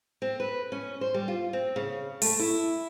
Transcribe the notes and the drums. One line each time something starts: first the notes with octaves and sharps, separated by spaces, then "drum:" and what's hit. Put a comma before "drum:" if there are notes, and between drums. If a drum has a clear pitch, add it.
C4
B4
C#4
C5
G3
F4
C4
C#3
A3, drum: open hi-hat
E4